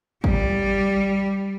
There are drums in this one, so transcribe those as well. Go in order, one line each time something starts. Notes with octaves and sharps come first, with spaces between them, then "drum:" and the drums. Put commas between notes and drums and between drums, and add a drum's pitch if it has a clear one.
G3, drum: kick G#1